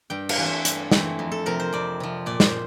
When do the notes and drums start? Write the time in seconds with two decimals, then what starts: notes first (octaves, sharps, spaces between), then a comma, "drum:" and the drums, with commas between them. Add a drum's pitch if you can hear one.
0.10 G2 G5
0.29 F5, drum: cymbal
0.37 E3 A3 C4
0.46 E5
0.65 G2, drum: hi-hat
0.91 E3 A3 C4, drum: snare
1.19 F2
1.32 A4
1.46 C3 F3 A#4
1.60 C5
1.73 F2 D5
2.00 C3 F3
2.26 A#2 D5
2.40 C5, drum: snare